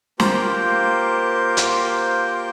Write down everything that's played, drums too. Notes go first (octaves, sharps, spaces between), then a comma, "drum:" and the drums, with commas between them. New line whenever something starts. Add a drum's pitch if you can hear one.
A#3 F4 G4 A#4 C5 G6, drum: snare
drum: hi-hat